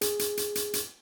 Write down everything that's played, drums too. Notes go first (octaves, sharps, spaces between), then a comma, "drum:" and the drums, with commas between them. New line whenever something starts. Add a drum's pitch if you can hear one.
G#4, drum: hi-hat
drum: hi-hat
drum: hi-hat
drum: hi-hat
drum: hi-hat